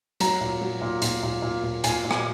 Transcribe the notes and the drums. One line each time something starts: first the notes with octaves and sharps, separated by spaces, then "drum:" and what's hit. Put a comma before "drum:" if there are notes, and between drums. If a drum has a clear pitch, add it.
F#3 A#5, drum: hi-hat
A#2
F#3
A#2
A#2, drum: hi-hat
A#2
A#2
A#2
A#2 G#5, drum: hi-hat
A#2
G#5, drum: rim click